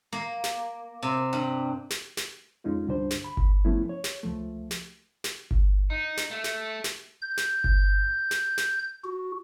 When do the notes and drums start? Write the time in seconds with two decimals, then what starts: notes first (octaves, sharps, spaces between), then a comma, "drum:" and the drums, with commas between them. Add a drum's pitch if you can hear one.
0.12 A#3
0.44 drum: snare
1.02 C3
1.33 G2
1.90 drum: snare
2.17 drum: snare
2.64 F2 G#3 C#4 D#4 F4
2.87 C#2 G2 D3 G3 D4 C5
3.11 drum: snare
3.24 B5
3.37 drum: kick G1
3.65 F3 A3 B3 C#4 E4
3.89 C#5
4.04 drum: snare
4.23 C#2 F3 A3
4.71 drum: snare
5.24 drum: snare
5.51 drum: kick G1
5.90 D#4
6.17 drum: snare
6.31 A3
6.44 drum: snare
6.84 drum: snare
7.22 G6
7.38 drum: snare
7.64 drum: kick G1
8.31 drum: snare
8.58 drum: snare
9.04 F#4